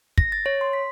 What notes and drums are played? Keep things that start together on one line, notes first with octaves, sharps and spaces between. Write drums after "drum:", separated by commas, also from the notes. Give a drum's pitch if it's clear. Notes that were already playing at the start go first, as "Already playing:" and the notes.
A#6, drum: kick
A6
C#5
C6
B6